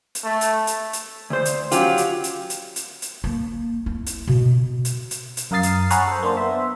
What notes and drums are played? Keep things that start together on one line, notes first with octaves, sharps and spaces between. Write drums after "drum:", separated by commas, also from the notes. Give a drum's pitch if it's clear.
drum: hi-hat
A3
drum: hi-hat
drum: hi-hat
drum: hi-hat
D2 C5
drum: hi-hat
F#3 C#4 F4 G4, drum: hi-hat
drum: hi-hat
drum: hi-hat
drum: hi-hat
drum: hi-hat
drum: hi-hat
A#3
E4
drum: hi-hat
B2
drum: hi-hat
drum: hi-hat
drum: hi-hat
F#2 A#4 F5 D#6 A6 C7
drum: hi-hat
C#5 F#5 G#5 A#5 B5, drum: hi-hat
A4 C5
A#3 D4 C5
B3 E5